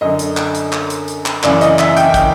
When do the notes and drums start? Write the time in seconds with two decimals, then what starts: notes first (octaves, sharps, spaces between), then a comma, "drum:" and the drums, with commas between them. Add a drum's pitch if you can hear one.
0.01 F#2 D3 D#5
0.19 drum: hi-hat
0.37 drum: clap
0.55 drum: hi-hat
0.72 drum: clap
0.90 drum: hi-hat
1.08 drum: hi-hat
1.26 drum: clap
1.43 F#2 C#3 E3 D5, drum: clap
1.61 D#5, drum: hi-hat
1.79 E5, drum: clap
1.97 G5, drum: hi-hat
2.14 G5, drum: kick, hi-hat